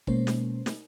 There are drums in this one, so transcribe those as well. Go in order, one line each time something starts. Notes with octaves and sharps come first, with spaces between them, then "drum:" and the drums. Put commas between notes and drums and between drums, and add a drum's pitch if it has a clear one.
B2 G#3 A#3 C#4 C5, drum: kick
drum: snare
drum: snare